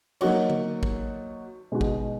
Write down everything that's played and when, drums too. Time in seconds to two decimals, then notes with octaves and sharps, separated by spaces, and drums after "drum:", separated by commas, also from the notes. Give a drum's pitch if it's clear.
0.21 F#3 A#3 D#4 F#4 C#5, drum: cymbal
0.50 drum: tom D3
0.83 drum: kick G#1
1.72 B2 G#3 D#4 F#4
1.81 drum: kick G#1